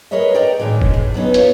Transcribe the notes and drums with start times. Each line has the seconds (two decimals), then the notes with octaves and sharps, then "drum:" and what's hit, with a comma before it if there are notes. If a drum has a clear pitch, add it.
0.11 G#4 A#4 B4 C#5 D#5 E5
0.34 A#4 D5 D#5 G5 A#5
0.59 A2 D#3 E3 G#3
0.82 drum: kick
0.94 A2
1.14 F#3 B3 C#4 D#4
1.34 F4 C#5, drum: hi-hat